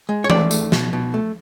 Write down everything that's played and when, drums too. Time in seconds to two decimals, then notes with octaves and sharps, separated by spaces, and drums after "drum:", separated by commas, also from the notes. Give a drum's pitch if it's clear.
0.09 G#3
0.24 C#5
0.30 A3 D5, drum: tom E3
0.51 A3, drum: tambourine
0.72 B2, drum: snare
0.93 B2
1.14 A3